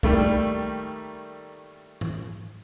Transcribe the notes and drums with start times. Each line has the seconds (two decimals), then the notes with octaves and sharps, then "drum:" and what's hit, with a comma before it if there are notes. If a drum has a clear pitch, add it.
0.03 D#3 G3 A3 A#3, drum: kick
2.01 drum: tom G#2